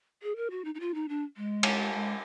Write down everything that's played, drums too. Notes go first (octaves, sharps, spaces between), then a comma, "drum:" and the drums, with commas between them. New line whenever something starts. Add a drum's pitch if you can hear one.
G#4
A#4
F#4
D#4
D#4
F4
D#4
D4
G#3
drum: cymbal
G#3